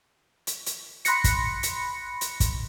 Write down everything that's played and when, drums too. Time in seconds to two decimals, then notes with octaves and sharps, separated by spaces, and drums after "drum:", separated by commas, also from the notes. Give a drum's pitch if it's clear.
0.47 drum: hi-hat
0.66 drum: hi-hat
1.05 B5 C6 F#6 A#6 C#7, drum: hi-hat
1.24 drum: kick, hi-hat
1.63 drum: hi-hat
2.21 drum: hi-hat
2.40 drum: kick, hi-hat